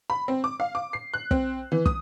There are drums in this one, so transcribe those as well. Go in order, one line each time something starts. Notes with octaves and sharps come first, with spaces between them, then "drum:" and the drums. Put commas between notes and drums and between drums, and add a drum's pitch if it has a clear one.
B5
C4
D6
F5
D6
C7
F#6
C4, drum: kick
E3
D#6, drum: kick